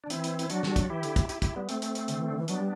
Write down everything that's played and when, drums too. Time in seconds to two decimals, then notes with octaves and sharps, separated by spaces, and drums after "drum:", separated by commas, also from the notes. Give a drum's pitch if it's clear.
0.04 D4
0.07 D3
0.10 E3 C4 E4, drum: hi-hat
0.24 drum: hi-hat
0.39 E4, drum: hi-hat
0.50 F#3 D4 F#4, drum: hi-hat
0.63 G3, drum: snare
0.76 F#3, drum: kick, hi-hat
0.90 E3 E4 G4
1.03 D3, drum: hi-hat
1.16 drum: kick, hi-hat
1.29 E4 G4, drum: hi-hat
1.42 E4 G4, drum: kick, hi-hat
1.56 G3 B3
1.69 A3 C4, drum: hi-hat
1.82 drum: hi-hat
1.95 drum: hi-hat
2.08 D3, drum: hi-hat
2.18 E3
2.28 D3
2.38 E3
2.48 F#3 B3 D4, drum: hi-hat
2.58 G3